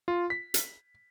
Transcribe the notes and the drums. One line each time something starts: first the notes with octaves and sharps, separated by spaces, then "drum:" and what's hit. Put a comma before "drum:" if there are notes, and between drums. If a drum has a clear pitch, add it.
F4
B6
drum: hi-hat